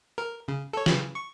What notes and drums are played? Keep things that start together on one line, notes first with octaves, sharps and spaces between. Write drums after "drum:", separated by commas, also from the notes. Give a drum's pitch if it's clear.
A#4
C#3
A4 C#5
C#3 E3 F#3, drum: snare
C#6